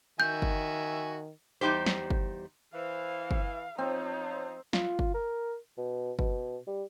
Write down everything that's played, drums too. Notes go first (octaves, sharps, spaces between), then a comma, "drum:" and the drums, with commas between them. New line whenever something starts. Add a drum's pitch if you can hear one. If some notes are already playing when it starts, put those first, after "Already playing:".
D#3 F#4 E5 G#5 G6
drum: kick
E2 G3 D#4 G4 C5
drum: snare
drum: kick
E3 C5 F5
drum: kick
F3 C4 D#4 C#5
F4, drum: snare
drum: kick
A#4
B2
B2, drum: kick
G3